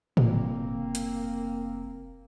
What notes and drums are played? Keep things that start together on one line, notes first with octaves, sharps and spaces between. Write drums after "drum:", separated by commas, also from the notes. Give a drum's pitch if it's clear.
F1 A#3 C4, drum: tom A2
drum: hi-hat